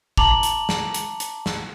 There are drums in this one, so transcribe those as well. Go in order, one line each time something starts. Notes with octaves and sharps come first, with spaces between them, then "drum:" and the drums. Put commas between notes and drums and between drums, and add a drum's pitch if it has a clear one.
A5 A#5 D6 F7 F#7, drum: kick
drum: hi-hat
drum: snare
drum: hi-hat
drum: hi-hat
drum: snare